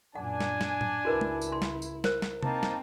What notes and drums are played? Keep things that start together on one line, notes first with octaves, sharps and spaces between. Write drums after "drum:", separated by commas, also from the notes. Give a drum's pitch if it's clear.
F#2 A#2 D4 F#5 G#5
drum: snare
drum: snare
drum: tom A2
C#2 E4 F#4 A#4 B4
drum: tom G#3
drum: tambourine
C6
drum: snare
drum: tambourine
A#4 C5, drum: snare
drum: snare
A#3 C4 D#4 A5, drum: tom C3
drum: snare